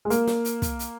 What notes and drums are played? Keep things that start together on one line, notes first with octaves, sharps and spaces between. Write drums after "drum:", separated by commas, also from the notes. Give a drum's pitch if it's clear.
G#3
A#3, drum: hi-hat
drum: snare
drum: hi-hat
drum: kick, hi-hat
drum: hi-hat